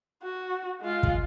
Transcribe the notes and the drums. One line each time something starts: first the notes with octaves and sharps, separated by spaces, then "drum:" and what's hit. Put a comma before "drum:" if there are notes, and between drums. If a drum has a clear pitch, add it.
F#4
G#3 F4
drum: kick